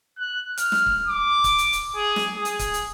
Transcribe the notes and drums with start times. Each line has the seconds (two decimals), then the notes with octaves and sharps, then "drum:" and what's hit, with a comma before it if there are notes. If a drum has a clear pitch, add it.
0.18 F#6
0.57 F6, drum: hi-hat
0.72 drum: snare
0.86 drum: kick C#1
1.08 D6
1.44 drum: kick C#1, hi-hat
1.58 drum: hi-hat
1.73 drum: hi-hat
1.96 G#4
2.16 drum: snare
2.35 G#4
2.45 drum: hi-hat
2.59 drum: kick C#1, hi-hat
2.74 drum: hi-hat